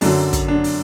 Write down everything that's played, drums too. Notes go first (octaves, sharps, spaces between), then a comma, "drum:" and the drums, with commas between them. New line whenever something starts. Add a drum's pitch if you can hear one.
F#2 D3 F#3 D4, drum: open hi-hat
drum: kick, hi-hat
D4
drum: open hi-hat